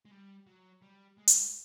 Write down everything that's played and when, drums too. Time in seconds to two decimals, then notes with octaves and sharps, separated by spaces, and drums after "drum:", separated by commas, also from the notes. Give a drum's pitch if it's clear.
0.05 G#3
0.11 G3
0.47 F#3
0.82 G3
1.17 G#3
1.28 drum: hi-hat